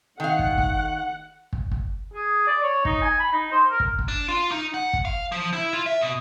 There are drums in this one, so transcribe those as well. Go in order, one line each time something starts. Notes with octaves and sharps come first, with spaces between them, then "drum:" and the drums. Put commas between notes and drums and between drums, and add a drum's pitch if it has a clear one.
D#3 F5 F#5
drum: kick
drum: kick
drum: kick
drum: kick
G#4
D5
C#5
D#4, drum: kick
G#5
B5
D#4
C5
A#4
drum: kick
drum: kick
D4
F4
D#4
F#5
drum: kick
F5
F3
E4
F4
E5
B2